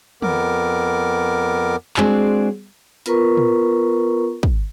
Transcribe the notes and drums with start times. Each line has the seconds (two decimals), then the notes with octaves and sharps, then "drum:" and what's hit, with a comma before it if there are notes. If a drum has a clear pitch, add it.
0.22 F2 B3 A#4 D6, drum: tom
1.97 G#3 C4 D4 F#4 G#4 D5, drum: clap
3.06 B3 F4 A#4 B4 A#5 C#6, drum: hi-hat
3.37 drum: tom
4.43 drum: kick